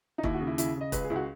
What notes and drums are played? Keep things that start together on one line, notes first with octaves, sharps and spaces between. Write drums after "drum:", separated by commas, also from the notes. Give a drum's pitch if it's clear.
D#4
D#2 E4, drum: kick
F#4
C#3
E4
C#3 E4, drum: hi-hat
C#3 D#5
C#2 B4, drum: kick, hi-hat
G#4
C#2 E4
F#4